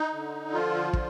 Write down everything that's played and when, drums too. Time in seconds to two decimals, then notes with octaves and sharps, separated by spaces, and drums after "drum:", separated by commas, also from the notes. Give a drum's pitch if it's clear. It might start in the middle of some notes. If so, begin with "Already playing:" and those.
Already playing: D#4
0.13 D3
0.53 F3 F4
0.93 D3, drum: kick